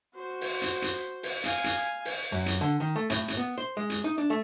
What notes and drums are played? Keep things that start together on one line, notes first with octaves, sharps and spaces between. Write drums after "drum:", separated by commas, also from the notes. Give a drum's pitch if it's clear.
F#4 C5
drum: open hi-hat
drum: hi-hat
drum: hi-hat
drum: open hi-hat
F5 G#5, drum: hi-hat
drum: hi-hat
drum: open hi-hat
F#2
drum: hi-hat
D3
D#3
A3
A2, drum: hi-hat
drum: hi-hat
B3
C5
G#3
drum: hi-hat
D#4
D4
A3